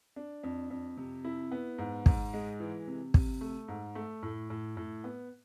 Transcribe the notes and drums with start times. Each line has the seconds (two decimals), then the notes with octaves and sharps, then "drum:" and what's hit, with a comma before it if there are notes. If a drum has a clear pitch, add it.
0.16 D4
0.43 F2
0.70 F2
0.97 C3
1.25 E4
1.52 B3
1.78 G#2
2.06 G#2, drum: kick
2.34 G#3
2.60 E3
2.87 C3
3.14 C3, drum: kick
3.41 A3
3.68 G#2
3.95 A3
4.23 A2
4.50 A2
4.77 A2
5.04 B3